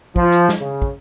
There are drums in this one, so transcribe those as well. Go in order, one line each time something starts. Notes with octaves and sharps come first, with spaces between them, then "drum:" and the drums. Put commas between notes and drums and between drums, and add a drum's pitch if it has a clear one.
F3, drum: kick
drum: hi-hat
drum: snare
C#3
drum: kick